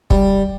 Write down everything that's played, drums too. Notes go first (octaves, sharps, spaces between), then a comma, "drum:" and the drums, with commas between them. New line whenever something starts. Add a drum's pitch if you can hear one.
G3, drum: kick